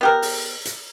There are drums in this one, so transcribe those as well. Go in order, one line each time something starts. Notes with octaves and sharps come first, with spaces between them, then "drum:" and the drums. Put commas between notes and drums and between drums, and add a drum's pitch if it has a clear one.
B3 G4 A#4
drum: open hi-hat
drum: hi-hat